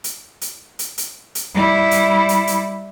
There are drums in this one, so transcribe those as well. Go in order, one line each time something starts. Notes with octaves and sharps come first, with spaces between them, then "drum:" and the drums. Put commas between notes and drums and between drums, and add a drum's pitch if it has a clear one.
drum: hi-hat
drum: hi-hat
drum: hi-hat
drum: hi-hat
drum: hi-hat
G3 E4
drum: hi-hat
drum: hi-hat
drum: hi-hat